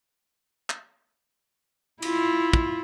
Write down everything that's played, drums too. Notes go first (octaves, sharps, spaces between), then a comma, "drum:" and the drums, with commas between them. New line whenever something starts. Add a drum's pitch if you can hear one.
drum: clap
E4 F4, drum: cymbal
drum: kick